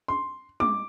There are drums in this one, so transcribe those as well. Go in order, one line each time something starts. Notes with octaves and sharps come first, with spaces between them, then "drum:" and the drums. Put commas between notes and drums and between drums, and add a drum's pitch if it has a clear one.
C6
D6, drum: tom